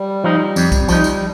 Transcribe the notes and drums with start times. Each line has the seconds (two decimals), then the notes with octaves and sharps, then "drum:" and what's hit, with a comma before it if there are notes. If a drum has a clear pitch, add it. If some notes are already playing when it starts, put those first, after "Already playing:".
Already playing: G3
0.24 F3 D#4
0.56 F2, drum: tambourine
0.72 drum: kick B1, tambourine
0.88 F3 D#4, drum: tambourine
1.04 drum: tambourine